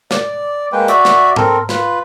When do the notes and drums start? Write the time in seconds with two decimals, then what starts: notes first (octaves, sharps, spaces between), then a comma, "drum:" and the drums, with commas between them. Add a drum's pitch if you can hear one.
0.11 D5, drum: snare
0.72 G#3 A#3 B4 G5
0.88 F#4 D5 E5, drum: hi-hat
1.05 drum: snare
1.36 C4 A4 A#4, drum: tom
1.69 F4 B4 B5, drum: snare